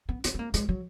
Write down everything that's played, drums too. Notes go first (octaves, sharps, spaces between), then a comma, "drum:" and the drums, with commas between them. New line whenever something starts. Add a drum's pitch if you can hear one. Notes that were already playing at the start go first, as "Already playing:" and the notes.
B3
B3, drum: hi-hat
B3
A#3
G#3, drum: hi-hat
F#3